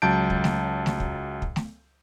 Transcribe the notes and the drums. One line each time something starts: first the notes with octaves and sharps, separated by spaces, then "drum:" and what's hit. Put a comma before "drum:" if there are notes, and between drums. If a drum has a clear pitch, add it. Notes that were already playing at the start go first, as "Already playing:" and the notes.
C#2 F#3 A5 G6 D7
drum: kick
drum: snare A3
drum: snare A3
drum: kick
drum: kick
drum: snare A3